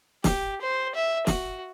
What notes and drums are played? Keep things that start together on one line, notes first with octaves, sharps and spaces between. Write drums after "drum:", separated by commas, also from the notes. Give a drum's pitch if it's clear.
G4, drum: snare
C5
E5
F#4, drum: snare